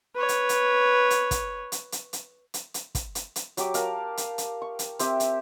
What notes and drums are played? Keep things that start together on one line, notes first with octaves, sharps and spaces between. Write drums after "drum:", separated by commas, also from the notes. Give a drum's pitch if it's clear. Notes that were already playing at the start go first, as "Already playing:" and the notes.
B4 C#5
drum: hi-hat
drum: hi-hat
drum: hi-hat
drum: kick, hi-hat
drum: hi-hat
drum: hi-hat
drum: hi-hat
drum: hi-hat
drum: hi-hat
drum: kick, hi-hat
drum: hi-hat
drum: hi-hat
F#3 G4 D6, drum: hi-hat
A#4 F5 A5, drum: hi-hat
drum: hi-hat
drum: hi-hat
C#6
drum: hi-hat
C4 G4 E5, drum: hi-hat
drum: hi-hat